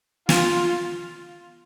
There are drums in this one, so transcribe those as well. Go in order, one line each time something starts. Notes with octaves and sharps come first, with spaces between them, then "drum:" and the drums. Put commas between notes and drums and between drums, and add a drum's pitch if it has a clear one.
F4, drum: snare